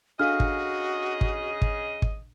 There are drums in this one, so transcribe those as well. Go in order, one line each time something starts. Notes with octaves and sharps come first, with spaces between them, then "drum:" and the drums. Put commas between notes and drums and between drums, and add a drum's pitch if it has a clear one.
C#3 D4 F#4 G#4 A4 D#5 F5 F6
drum: kick
drum: kick
drum: kick
drum: kick